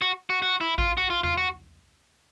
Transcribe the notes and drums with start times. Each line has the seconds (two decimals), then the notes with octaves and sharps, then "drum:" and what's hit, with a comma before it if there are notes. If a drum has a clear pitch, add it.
0.01 F#4
0.30 F#4
0.42 F#4
0.61 E4
0.78 F4, drum: kick A1
0.98 F#4
1.10 F4
1.24 F4, drum: tom E2
1.38 F#4